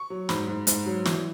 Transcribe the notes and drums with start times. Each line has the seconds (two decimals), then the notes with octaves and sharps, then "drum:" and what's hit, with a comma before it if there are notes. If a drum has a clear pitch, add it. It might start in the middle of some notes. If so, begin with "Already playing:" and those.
Already playing: C#6
0.10 F#3
0.29 G#2 B5, drum: snare
0.48 G#2
0.67 G#2, drum: hi-hat
0.86 F#3
1.05 E3, drum: snare